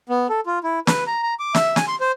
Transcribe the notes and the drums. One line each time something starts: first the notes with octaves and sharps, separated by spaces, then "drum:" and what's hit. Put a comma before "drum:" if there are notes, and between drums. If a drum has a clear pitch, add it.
B3
A4
F4
E4
B4, drum: snare
A#5
A#5
D6
E5, drum: snare
G#5, drum: snare
C6
C5